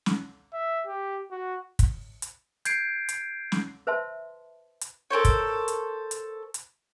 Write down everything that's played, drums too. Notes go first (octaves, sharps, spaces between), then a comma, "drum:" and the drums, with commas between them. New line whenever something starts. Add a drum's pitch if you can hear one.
drum: snare
E5
G4
F#4
drum: kick, hi-hat
drum: hi-hat
G6 G#6 C7 D7, drum: hi-hat
drum: hi-hat
drum: snare
B4 C5 E5 A5 C6
drum: hi-hat
A4 A#4 C5 C#5
drum: kick, hi-hat
drum: hi-hat
drum: hi-hat
drum: hi-hat